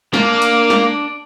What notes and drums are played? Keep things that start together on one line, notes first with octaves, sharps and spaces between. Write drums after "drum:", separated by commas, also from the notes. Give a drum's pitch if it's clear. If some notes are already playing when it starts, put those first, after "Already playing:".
A#3 D4, drum: snare
drum: hi-hat
drum: snare